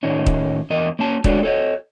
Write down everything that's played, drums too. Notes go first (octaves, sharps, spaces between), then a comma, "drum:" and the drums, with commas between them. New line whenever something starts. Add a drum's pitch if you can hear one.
A2 D#3 A3 C#4 D#4
drum: kick
E2 A#4 D#5
A#3 C#4 A5
G#3 D4 F#4 A4 C#5 D5, drum: kick
A4 C#5 D#5